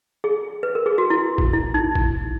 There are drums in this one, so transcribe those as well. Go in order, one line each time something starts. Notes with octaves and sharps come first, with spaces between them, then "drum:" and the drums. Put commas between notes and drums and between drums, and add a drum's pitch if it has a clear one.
G#4
B4
A#4
G#4
F#4
E4
drum: kick A1
E4
D#4
drum: kick A1